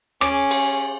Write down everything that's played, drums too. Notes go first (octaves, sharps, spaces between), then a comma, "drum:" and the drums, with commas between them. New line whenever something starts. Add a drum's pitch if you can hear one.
C#4 G#4 D6, drum: rim click
drum: cymbal